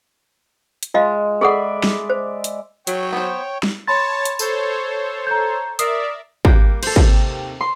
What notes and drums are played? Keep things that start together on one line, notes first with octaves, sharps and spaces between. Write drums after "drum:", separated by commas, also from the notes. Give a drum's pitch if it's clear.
drum: hi-hat
G#3 F4 D#5 F5
G#4 A4 D5 E5 F#5 B5
drum: snare
C5
drum: hi-hat
F#3 C#5 G5, drum: hi-hat
B3 C5
drum: snare
C#5 A5 B5 C6 A6
drum: hi-hat
A4 C5 C#5, drum: tambourine
A#5 G6
A#4 D5 E5 D#6 C7, drum: hi-hat
G3 A#3 F#5 G5 D6, drum: kick
A4 C5, drum: cymbal
D#2 C3 A#3, drum: kick
C6